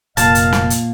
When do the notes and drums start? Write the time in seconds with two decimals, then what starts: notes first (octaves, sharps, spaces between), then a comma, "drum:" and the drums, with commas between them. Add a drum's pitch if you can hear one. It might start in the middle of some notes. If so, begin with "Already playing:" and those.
0.17 F1 A#2 A#4 D#5 F5 A5, drum: hi-hat
0.35 drum: hi-hat
0.53 drum: snare
0.70 drum: hi-hat